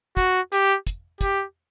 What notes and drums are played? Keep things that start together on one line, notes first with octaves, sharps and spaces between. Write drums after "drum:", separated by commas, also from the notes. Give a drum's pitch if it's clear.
F#4, drum: kick, hi-hat
G4, drum: hi-hat
drum: kick, hi-hat
G4, drum: kick, hi-hat